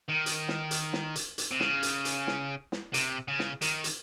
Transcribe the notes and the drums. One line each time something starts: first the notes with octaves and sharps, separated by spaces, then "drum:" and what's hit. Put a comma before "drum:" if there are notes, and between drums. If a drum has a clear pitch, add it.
D#3
drum: hi-hat
drum: snare
drum: hi-hat
drum: snare
drum: hi-hat
drum: hi-hat
C3
C#3, drum: snare
drum: hi-hat
drum: hi-hat
drum: snare
drum: snare
C3, drum: hi-hat
C#3
drum: snare
D#3, drum: hi-hat
drum: hi-hat